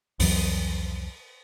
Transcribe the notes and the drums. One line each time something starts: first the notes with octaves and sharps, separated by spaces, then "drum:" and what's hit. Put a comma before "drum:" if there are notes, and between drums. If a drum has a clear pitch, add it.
C2 F2 E3 F#3, drum: open hi-hat